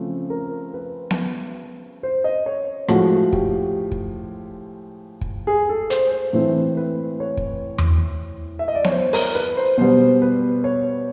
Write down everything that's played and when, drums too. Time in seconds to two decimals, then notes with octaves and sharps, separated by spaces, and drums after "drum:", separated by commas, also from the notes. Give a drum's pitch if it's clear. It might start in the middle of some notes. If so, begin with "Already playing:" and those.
Already playing: C#3 F3 A3 C4
0.30 A#4
0.74 B4
1.11 drum: snare B3
2.03 C5
2.24 D#5
2.46 C#5
2.88 A2 F3 G#3 F#4, drum: rim click
3.33 G4, drum: kick
3.92 drum: kick
5.21 drum: kick
5.47 G#4
5.69 A4
5.90 C5, drum: hi-hat
6.12 C5
6.33 A2 E3 A3 C4 C5
6.77 B4
7.20 C#5
7.37 drum: kick
7.78 drum: tom E2
8.59 E5
8.68 D#5
8.75 D5
8.84 C#5, drum: snare B3
8.92 C5
9.13 A#4, drum: open hi-hat
9.35 B4
9.57 C5
9.78 B2 G3 B3 C5
10.22 B4
10.64 C#5